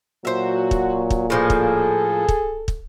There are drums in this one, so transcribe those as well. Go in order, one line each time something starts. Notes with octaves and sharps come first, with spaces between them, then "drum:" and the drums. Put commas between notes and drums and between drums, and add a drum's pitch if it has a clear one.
A#2 F#3 F#4 C5 E5
drum: kick
drum: kick
A2 F3 A#3 G#4 A4
drum: kick
drum: kick
drum: kick